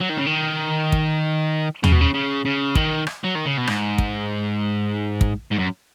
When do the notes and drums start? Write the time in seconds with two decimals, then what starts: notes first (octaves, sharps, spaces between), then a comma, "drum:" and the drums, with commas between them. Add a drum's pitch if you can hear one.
0.01 F#3
0.10 D#3
0.18 C#3
0.27 D#3
0.92 drum: kick
1.84 C#3, drum: tom
1.92 B2
2.01 C#3
2.14 C#3
2.45 C#3
2.75 D#3, drum: kick
3.07 drum: rim click
3.24 F#3
3.35 D#3
3.46 C#3
3.58 B2
3.67 G#2, drum: rim click
3.98 drum: kick
5.21 drum: kick
5.52 G#2
5.59 F#2